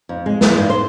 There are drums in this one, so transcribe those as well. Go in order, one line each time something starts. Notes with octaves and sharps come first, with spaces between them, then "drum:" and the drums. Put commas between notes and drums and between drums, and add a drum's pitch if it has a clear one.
F2
G#3
E3, drum: snare
G2
C5